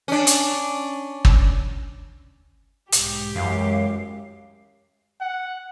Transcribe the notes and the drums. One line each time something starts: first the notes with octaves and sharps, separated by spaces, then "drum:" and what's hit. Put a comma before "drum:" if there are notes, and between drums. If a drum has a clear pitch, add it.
C#4 D4
drum: hi-hat
drum: kick
B1 G#2 G4, drum: hi-hat
F#2 E3 G#3 F5
F#5